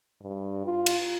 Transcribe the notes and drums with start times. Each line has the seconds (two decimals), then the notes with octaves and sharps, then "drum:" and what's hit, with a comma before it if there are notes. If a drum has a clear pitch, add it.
0.21 G2
0.65 F4
0.86 drum: cymbal